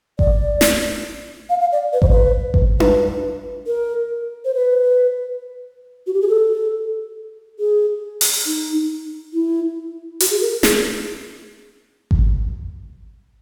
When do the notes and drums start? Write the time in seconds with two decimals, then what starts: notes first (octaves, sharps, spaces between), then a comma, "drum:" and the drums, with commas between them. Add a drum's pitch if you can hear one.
0.19 D5, drum: kick G#1
0.61 drum: snare
1.50 F5
1.61 F5
1.72 D5
1.93 B4
2.02 C5, drum: kick G#1
2.09 B4
2.54 drum: kick G#1
2.80 B4, drum: tom D4
3.67 A#4
4.45 C5
4.55 B4
6.07 F#4
6.14 G4
6.21 G#4
6.28 A4
7.59 G#4
8.21 drum: open hi-hat
8.46 D#4
9.33 E4
10.20 F#4, drum: hi-hat
10.31 G#4
10.42 A#4
10.63 G#4, drum: snare
12.11 drum: kick G#1